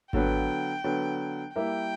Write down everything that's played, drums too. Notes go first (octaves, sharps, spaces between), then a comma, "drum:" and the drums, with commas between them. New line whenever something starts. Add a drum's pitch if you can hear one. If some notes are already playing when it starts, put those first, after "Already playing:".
D3 F#3 B3 G5, drum: kick G#1
D3 F#3 B3
G3 A#3 E4 A#4 E5 G5